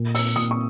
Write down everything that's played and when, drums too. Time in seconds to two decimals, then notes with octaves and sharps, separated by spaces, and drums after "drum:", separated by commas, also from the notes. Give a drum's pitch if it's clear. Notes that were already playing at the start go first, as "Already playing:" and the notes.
Already playing: A#2
0.15 E6, drum: open hi-hat
0.36 A#2 D#6
0.51 C#6